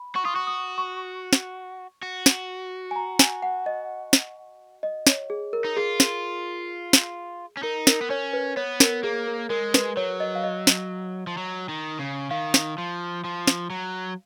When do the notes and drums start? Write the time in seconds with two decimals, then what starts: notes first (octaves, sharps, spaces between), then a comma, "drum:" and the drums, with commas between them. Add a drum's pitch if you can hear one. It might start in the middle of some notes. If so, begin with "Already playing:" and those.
Already playing: B5
0.16 F#4 C#6
0.25 F4 D#6
0.36 F#4 C#6
0.47 D#6
0.78 C#6
1.33 drum: snare
2.03 F#4
2.26 drum: snare
2.91 G#5
2.96 A#5
3.19 G#5, drum: snare
3.43 F#5
3.66 D#5
4.13 drum: snare
4.83 D#5
5.07 C#5, drum: snare
5.30 G#4
5.53 A#4
5.64 D#4
5.77 F4 G#4
6.00 drum: snare
6.93 drum: snare
7.57 C#4
7.63 D#4 A#4
7.87 A#4, drum: snare
8.01 B3
8.10 C#4 C#5
8.33 B4
8.57 B3 C#5
8.80 A#4, drum: snare
9.03 A#3 G#4
9.27 A#4
9.50 G#3 A#4
9.74 B4, drum: snare
9.97 F#3 C#5
10.20 D#5
10.35 F5
10.44 D#5
10.67 drum: snare
11.27 F3
11.37 F#3
11.69 D#3
11.99 C#3
12.31 D#3 F5
12.54 drum: snare
12.78 F3
13.24 F3
13.47 drum: snare
13.70 F#3